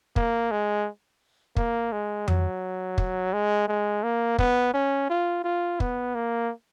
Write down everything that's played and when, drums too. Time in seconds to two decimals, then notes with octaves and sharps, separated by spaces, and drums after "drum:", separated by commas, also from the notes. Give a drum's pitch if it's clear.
0.16 A#3, drum: kick
0.51 G#3
1.56 A#3, drum: kick
1.92 G#3
2.28 F#3, drum: tom F2
2.98 drum: kick
3.33 G#3
3.68 G#3
4.03 A#3
4.38 B3, drum: kick
4.74 C#4
5.10 F4
5.44 F4
5.80 B3, drum: kick
6.15 A#3